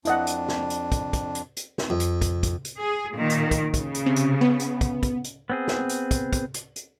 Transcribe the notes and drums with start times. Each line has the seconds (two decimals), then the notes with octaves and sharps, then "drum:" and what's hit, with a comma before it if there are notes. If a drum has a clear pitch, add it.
0.05 F2 D4 E4 D#5 F#5, drum: hi-hat
0.27 drum: hi-hat
0.48 drum: snare
0.70 drum: hi-hat
0.92 drum: kick, hi-hat
1.13 drum: kick, hi-hat
1.35 drum: hi-hat
1.57 drum: hi-hat
1.78 drum: snare
1.90 F2
2.00 drum: hi-hat
2.21 drum: kick, hi-hat
2.43 drum: kick, hi-hat
2.65 drum: hi-hat
2.78 G#4
3.13 A#2 D#3
3.30 drum: hi-hat
3.51 drum: kick, hi-hat
3.74 C#3, drum: kick, hi-hat
3.95 drum: hi-hat
4.06 C3
4.16 drum: hi-hat
4.41 B3
4.59 drum: hi-hat
4.81 drum: kick, hi-hat
5.03 drum: kick, hi-hat
5.24 drum: hi-hat
5.50 B3 C4 G#4
5.68 drum: snare
5.89 drum: hi-hat
6.11 drum: kick, hi-hat
6.33 drum: kick, hi-hat
6.54 drum: hi-hat
6.76 drum: hi-hat